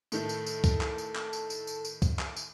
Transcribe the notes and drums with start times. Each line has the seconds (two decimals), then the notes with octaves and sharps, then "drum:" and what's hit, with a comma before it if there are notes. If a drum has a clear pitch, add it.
0.12 A2 D#3 A3 A4, drum: tambourine
0.29 drum: tambourine
0.46 drum: tambourine
0.64 drum: kick C2, tambourine
0.81 drum: clap
0.98 drum: tambourine
1.16 drum: clap
1.33 drum: tambourine
1.50 drum: tambourine
1.67 drum: tambourine
1.85 drum: tambourine
2.02 drum: kick C2, tambourine
2.19 drum: clap
2.36 drum: tambourine